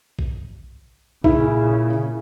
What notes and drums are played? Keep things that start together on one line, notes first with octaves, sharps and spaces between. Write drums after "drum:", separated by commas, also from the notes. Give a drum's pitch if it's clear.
drum: kick A#1
A#2 C#3 E4, drum: kick A#1